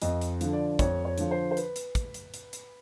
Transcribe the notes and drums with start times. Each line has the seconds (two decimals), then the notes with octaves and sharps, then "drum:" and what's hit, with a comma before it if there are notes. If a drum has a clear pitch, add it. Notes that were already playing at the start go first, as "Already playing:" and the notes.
0.02 F2 D#5, drum: hi-hat
0.21 drum: hi-hat
0.41 D3 F3, drum: hi-hat
0.53 D5
0.79 F2 C#5, drum: kick, hi-hat
1.05 C#5
1.18 D3 F3, drum: hi-hat
1.31 C5
1.51 C5
1.57 B4, drum: hi-hat
1.76 drum: hi-hat
1.95 drum: kick, hi-hat
2.14 drum: hi-hat
2.34 drum: hi-hat
2.53 drum: hi-hat